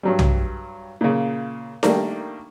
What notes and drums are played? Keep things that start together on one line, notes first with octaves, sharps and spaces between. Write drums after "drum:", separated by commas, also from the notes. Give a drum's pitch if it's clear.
G2 F#3 G3
drum: tom
A#2 C#3
D#3 G3 A3 A#3 D4, drum: snare D#4